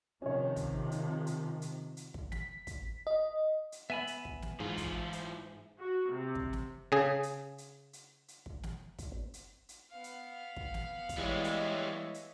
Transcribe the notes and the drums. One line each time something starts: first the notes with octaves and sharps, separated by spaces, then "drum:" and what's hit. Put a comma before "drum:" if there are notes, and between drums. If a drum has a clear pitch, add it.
C3 D#3 F3 C#4 C#5
drum: kick, hi-hat
drum: hi-hat
drum: hi-hat
drum: hi-hat
drum: hi-hat
drum: kick
B6, drum: snare
drum: kick, hi-hat
D#5
drum: hi-hat
B3 E5 G#5 B5
drum: hi-hat
drum: kick
drum: snare
G#2 E3 F4 G#4
drum: kick, hi-hat
drum: hi-hat
F#4
C3
drum: kick
drum: snare
C#3 G#4
drum: hi-hat
drum: hi-hat
drum: hi-hat
drum: hi-hat
drum: kick
drum: snare
drum: kick, hi-hat
drum: hi-hat
drum: hi-hat
B3 F5
drum: hi-hat
drum: kick
drum: snare
drum: kick, hi-hat
E3 G3 G#3 C#5 D#5 E5
drum: hi-hat
drum: hi-hat